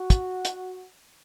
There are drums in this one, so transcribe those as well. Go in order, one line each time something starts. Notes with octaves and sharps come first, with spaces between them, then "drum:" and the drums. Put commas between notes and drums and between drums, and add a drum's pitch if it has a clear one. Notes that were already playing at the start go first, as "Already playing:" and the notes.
Already playing: F#4
drum: kick, hi-hat
drum: hi-hat